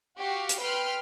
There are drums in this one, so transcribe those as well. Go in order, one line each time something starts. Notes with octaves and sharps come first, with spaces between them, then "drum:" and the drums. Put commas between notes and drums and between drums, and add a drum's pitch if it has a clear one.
F#4 G4 F5
drum: hi-hat
B4 G5 B5 C6 F6